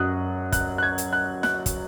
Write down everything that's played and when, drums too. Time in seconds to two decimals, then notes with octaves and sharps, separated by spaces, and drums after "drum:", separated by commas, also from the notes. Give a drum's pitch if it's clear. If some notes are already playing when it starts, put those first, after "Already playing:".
Already playing: F#2 F#3 D#6 F#6
0.52 F#6, drum: kick, hi-hat
0.78 F#6
0.83 G#6
0.98 drum: hi-hat
1.13 F#6
1.43 F#6, drum: snare
1.66 drum: kick, hi-hat